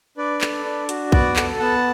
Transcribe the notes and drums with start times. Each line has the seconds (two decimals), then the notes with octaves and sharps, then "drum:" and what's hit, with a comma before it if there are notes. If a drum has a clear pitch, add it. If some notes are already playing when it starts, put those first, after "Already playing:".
0.17 D4 B4 D5
0.41 A4, drum: clap
0.65 D4
0.89 F#4, drum: hi-hat
1.12 B3 D5 F#5, drum: kick
1.36 A4, drum: clap
1.60 B3 F#5 A5